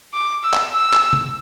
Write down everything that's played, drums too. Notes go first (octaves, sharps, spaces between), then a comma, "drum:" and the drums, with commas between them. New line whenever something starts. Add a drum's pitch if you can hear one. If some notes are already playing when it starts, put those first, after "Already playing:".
D6
E6
drum: clap
E6
drum: clap
drum: tom C3